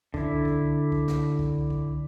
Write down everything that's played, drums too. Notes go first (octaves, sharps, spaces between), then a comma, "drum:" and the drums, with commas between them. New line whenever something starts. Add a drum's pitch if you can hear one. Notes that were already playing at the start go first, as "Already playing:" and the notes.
D3 E4, drum: kick
drum: kick
drum: kick
drum: snare
drum: kick
drum: kick